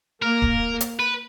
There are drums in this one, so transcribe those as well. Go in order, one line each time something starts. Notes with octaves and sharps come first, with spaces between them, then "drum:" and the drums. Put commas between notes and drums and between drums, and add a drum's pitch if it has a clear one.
A#3 A#4
drum: kick
drum: hi-hat
B4